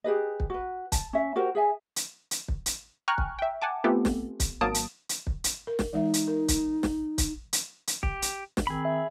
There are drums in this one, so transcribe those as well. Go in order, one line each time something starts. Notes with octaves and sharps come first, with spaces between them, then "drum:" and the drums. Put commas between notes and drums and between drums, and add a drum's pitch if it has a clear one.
G4 G#4 B4 D#5
drum: kick
F#4 B4
A5, drum: kick, hi-hat
C#4 E5
F#4 G4 A#4 C5
G#4 E5 G#5
drum: hi-hat
drum: hi-hat
drum: kick
drum: hi-hat
G5 G#5 A#5 C#6 F6 F#6
drum: kick
E5 G5
F#5 G#5 A5 D6
A3 B3 C4 F4 G4 A4
drum: snare
drum: kick, hi-hat
G#1 F#3 A#3 A5 D#6 D7
drum: hi-hat
drum: hi-hat
drum: kick
drum: hi-hat
A#4
drum: snare
E3 G#3 D#4 E5
drum: hi-hat
A#4
drum: kick, hi-hat
drum: snare
drum: kick, hi-hat
drum: hi-hat
drum: hi-hat
G4, drum: kick
drum: hi-hat
drum: snare
D#3 C4 G#4 B5
E5